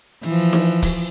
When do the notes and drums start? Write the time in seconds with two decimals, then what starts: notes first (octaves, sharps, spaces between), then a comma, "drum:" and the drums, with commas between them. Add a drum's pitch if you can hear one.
0.23 E3 F3, drum: hi-hat
0.53 drum: snare D#4
0.83 drum: kick, open hi-hat